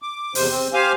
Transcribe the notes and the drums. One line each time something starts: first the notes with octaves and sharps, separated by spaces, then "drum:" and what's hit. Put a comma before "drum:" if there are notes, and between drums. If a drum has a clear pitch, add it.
D6
E2 C3 C5, drum: open hi-hat
C4
G4 C5 F5 G#5